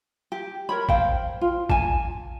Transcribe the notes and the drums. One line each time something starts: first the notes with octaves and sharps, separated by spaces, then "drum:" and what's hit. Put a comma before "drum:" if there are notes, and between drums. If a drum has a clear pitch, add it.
G4
A#4 C#5 B5
C5 F5 G5, drum: kick
F4
G#5 A5, drum: kick